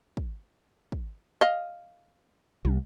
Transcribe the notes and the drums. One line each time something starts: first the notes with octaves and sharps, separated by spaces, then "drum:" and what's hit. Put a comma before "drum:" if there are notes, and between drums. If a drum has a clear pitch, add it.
drum: kick
drum: kick
D#5 F5
C2 G3, drum: tom